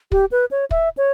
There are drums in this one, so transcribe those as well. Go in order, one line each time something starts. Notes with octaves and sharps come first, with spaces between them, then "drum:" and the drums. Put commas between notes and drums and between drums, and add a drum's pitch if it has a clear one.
G4, drum: kick
B4
C#5
E5, drum: kick
C#5